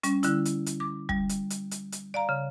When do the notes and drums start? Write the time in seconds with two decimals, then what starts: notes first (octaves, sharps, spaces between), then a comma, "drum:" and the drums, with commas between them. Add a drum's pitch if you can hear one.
0.03 G3 C#4, drum: hi-hat
0.23 D3 G3 E4, drum: hi-hat
0.45 drum: hi-hat
0.66 drum: hi-hat
0.80 D6
1.09 G3, drum: kick
1.29 drum: hi-hat
1.50 drum: hi-hat
1.71 drum: hi-hat
1.92 drum: hi-hat
2.14 D5 F5 A#5
2.29 C#3